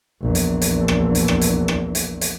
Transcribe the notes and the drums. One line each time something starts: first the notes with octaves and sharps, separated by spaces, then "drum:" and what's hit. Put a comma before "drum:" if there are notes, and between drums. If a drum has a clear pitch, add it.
A#1 E2
drum: hi-hat
drum: hi-hat
drum: rim click
drum: hi-hat
drum: rim click
drum: hi-hat
drum: rim click
drum: hi-hat
drum: hi-hat